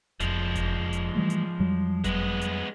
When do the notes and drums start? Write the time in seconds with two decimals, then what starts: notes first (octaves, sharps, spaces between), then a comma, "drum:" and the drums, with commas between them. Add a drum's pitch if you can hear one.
0.20 F1 F2 F3 G#3, drum: hi-hat
0.55 drum: kick F#1, hi-hat
0.93 drum: hi-hat
1.15 E3 G3 A3
1.30 drum: hi-hat
1.60 F2 F#3 G3
2.04 G#3 B3, drum: kick F#1, hi-hat
2.41 drum: hi-hat